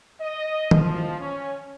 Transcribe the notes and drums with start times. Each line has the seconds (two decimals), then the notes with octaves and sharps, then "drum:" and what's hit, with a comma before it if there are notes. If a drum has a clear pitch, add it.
0.20 D#5
0.71 F3, drum: tom D#3
1.20 C#4